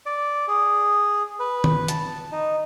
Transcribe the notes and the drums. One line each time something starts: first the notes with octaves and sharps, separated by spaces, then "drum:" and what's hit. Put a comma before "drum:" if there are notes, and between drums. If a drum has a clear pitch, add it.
D5
G#4
B4
drum: tom D#3
A5, drum: hi-hat
D#4